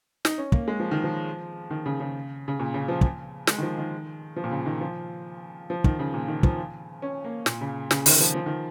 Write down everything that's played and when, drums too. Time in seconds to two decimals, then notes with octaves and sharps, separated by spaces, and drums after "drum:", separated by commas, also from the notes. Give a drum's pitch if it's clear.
0.25 D#4, drum: snare
0.38 C#4
0.52 A#3, drum: kick
0.68 G#3
0.80 F3
0.91 D#3
1.04 F3
1.71 D#3
1.86 C#3
2.00 C#3
2.48 C#3
2.59 A#2
2.74 C#3
2.88 F3
3.01 drum: kick
3.47 G#3, drum: snare
3.58 D#3
3.62 F3
3.78 D#3
4.36 F3
4.44 A#2
4.51 C#3
4.66 D#3
4.81 F3
5.70 F3
5.84 D#3, drum: kick
5.99 C#3
6.14 A#2
6.28 D#3
6.43 F3, drum: kick
7.02 C#4
7.24 A#3
7.46 A#2, drum: snare
7.61 C#3
7.91 C#3, drum: snare
8.06 D#3, drum: open hi-hat
8.20 F3
8.35 F3
8.46 D#3